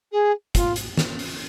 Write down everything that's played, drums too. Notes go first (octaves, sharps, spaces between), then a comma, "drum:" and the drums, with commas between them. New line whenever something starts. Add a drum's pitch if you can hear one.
G#4
F4, drum: kick, hi-hat
drum: hi-hat
drum: snare
drum: open hi-hat